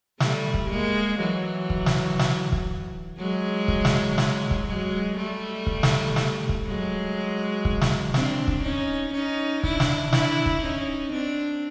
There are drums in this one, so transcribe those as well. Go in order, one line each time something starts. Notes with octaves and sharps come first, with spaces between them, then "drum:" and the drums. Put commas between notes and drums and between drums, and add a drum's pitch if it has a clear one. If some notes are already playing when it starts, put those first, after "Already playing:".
G3 A3, drum: snare
drum: kick
G#3 A#3
E3 F#3
drum: kick
drum: snare
drum: snare
drum: kick
F#3 G#3
drum: kick
drum: snare
drum: snare
drum: kick
F#3 G#3
G3 A3
drum: kick
drum: snare
drum: snare
drum: kick
F#3 G#3
drum: kick
drum: snare
C4 D4, drum: snare
drum: kick
C#4 D#4
C#4 D#4
D4 E4, drum: kick
drum: snare
D4 E4, drum: snare
drum: kick
C#4 D#4
C4 D4